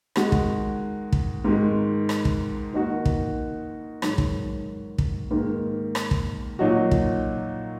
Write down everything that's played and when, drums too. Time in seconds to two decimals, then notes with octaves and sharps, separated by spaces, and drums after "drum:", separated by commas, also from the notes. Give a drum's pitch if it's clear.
0.16 D#3 G#3 F#4, drum: rim click
0.32 drum: kick
1.12 drum: kick
1.44 G#2 D#3 G#3
2.09 drum: rim click
2.25 drum: kick
2.73 D#3 A#3 D#4 F#4
3.05 drum: kick
4.02 G#2 D#3 F#3, drum: rim click
4.18 drum: kick
4.98 drum: kick
5.31 G#2 D#3 A#3
5.95 drum: rim click
6.11 drum: kick
6.59 A#2 F#3 D#4 F#4
6.91 drum: kick